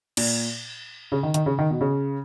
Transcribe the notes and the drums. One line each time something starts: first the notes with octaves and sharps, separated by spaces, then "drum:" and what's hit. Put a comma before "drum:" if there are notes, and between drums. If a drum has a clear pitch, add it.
A#2, drum: cymbal
C#3
D#3
D#3, drum: hi-hat
C#3
D#3
B2
C#3